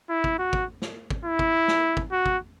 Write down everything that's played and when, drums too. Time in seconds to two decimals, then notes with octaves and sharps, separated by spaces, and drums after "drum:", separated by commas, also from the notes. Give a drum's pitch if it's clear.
0.10 E4
0.24 drum: kick
0.39 F#4
0.53 drum: kick
0.82 drum: snare
1.10 drum: kick
1.25 E4
1.39 drum: kick
1.68 drum: snare
1.97 drum: kick
2.12 F#4
2.26 drum: kick